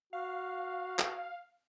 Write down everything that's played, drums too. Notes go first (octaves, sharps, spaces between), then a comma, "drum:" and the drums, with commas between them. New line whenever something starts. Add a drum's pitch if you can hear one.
F#4 F5
drum: clap